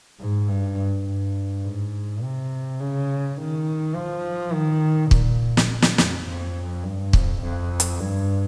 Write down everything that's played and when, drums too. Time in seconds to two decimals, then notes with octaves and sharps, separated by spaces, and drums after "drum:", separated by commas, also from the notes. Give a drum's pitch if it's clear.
0.20 G#2
0.49 G2
1.07 G2
1.64 G#2
2.22 C3
2.80 C#3
3.38 D#3
3.95 F3
4.53 D#3
5.11 A#2, drum: kick
5.57 drum: snare
5.82 drum: snare
5.98 F2, drum: snare
6.27 F2
6.85 G2
7.13 F2, drum: kick
7.42 F2
7.80 drum: hi-hat
8.00 G2